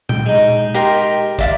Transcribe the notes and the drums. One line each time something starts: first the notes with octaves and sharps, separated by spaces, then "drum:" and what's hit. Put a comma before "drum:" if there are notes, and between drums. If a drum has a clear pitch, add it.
G5, drum: tom A#2
G#3 D#4
G4 A#4 C6
D5 E5 F5, drum: kick